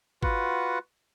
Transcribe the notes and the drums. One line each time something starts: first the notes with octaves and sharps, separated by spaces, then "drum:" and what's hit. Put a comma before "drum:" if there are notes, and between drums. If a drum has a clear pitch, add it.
F4 F#4 B4 F#5, drum: kick